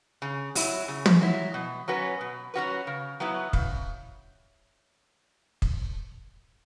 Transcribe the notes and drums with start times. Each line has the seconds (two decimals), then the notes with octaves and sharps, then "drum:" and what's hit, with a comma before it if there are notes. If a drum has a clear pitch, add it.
0.22 C#3
0.55 F#3 E4, drum: open hi-hat
0.88 C#3
1.06 drum: tom
1.21 F#3 E4
1.54 B2
1.88 F#3 C#4 F#4 B4
2.21 B2
2.54 F#3 C#4 F#4 B4
2.87 C#3
3.20 F#3 B3 E4
3.53 C#3, drum: kick
5.62 drum: kick